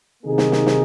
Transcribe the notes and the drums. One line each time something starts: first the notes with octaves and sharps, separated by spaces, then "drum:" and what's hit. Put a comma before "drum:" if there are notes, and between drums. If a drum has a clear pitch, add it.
C3 D#3 A#3 D#4 G#4
drum: snare
drum: snare
drum: snare